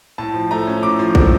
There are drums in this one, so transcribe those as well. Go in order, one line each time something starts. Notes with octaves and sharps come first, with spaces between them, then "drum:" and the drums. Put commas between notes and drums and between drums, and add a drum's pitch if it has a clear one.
A2 A5
F3
A3 A#5
C#4
A2 D6
F3
A3, drum: kick